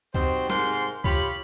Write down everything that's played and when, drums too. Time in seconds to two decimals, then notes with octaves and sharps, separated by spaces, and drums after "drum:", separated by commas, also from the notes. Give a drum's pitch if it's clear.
0.15 G3 C4 D#4 F#4 C5, drum: kick C#2
0.50 G#2 C3 A#4 C6, drum: snare
1.04 F4 G4 C#5 B5, drum: kick C#2